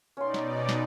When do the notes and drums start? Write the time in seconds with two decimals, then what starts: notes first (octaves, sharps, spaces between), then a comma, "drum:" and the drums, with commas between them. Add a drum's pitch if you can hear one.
0.17 B2 C#4 D#4 D5 C6
0.34 drum: snare
0.69 drum: snare